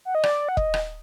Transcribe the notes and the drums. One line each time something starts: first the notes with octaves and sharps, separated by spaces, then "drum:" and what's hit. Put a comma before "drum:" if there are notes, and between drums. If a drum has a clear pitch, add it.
F#5
D#5
D5, drum: rim click
F#5
D#5, drum: kick E1
drum: rim click